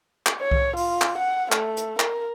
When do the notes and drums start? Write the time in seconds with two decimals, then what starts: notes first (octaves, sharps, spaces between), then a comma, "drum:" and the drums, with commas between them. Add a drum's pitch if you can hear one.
0.26 drum: clap
0.41 C#5
0.51 drum: kick C2
0.76 F4, drum: open hi-hat
1.01 drum: clap
1.18 F#5
1.52 A3, drum: clap
1.77 drum: hi-hat
2.00 A#4, drum: clap